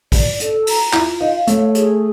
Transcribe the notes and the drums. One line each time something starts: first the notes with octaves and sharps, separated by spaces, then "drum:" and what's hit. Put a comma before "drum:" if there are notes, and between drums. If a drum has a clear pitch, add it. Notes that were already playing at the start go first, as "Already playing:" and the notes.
D5, drum: kick A#1, open hi-hat
A4, drum: hi-hat
A#5, drum: open hi-hat
E4 F4, drum: clap
D#4 F5
A3 C#5, drum: hi-hat
G#4, drum: hi-hat